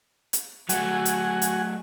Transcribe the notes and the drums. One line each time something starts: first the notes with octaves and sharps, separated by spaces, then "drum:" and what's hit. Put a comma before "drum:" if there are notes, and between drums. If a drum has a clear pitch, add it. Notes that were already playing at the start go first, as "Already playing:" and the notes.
drum: hi-hat
F#3 A3 F#4 F#5 G#5, drum: hi-hat
drum: hi-hat
drum: hi-hat